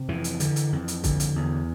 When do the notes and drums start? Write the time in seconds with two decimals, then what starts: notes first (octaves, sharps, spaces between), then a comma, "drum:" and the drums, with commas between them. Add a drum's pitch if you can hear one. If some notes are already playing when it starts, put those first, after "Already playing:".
Already playing: C3
0.08 F2 E3
0.24 drum: hi-hat
0.40 D3, drum: hi-hat
0.56 drum: hi-hat
0.73 F2
0.88 drum: hi-hat
1.04 D3, drum: kick, hi-hat
1.20 drum: hi-hat
1.36 E2